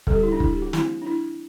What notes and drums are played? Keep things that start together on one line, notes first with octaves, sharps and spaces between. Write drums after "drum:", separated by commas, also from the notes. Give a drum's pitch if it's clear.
D3 G3 C4 A4, drum: kick
G4
E4
D4
E4, drum: kick
G4
F#4
E3 A3 C4 E4, drum: snare
D4
E4